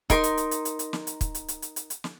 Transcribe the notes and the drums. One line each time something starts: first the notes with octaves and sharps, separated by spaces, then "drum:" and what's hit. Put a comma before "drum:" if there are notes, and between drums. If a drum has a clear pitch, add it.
D#4 A#4 C6, drum: kick, hi-hat
drum: hi-hat
drum: hi-hat
drum: hi-hat
drum: hi-hat
drum: hi-hat
drum: snare
drum: hi-hat
drum: kick, hi-hat
drum: hi-hat
drum: hi-hat
drum: hi-hat
drum: hi-hat
drum: hi-hat
drum: snare